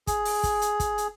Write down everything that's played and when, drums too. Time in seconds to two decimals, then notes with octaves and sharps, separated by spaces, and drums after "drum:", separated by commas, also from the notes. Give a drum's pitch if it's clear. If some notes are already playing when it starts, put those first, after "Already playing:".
0.07 G#4, drum: kick, hi-hat
0.25 drum: open hi-hat
0.43 drum: kick, hi-hat
0.62 drum: hi-hat
0.80 drum: kick, hi-hat
0.98 drum: hi-hat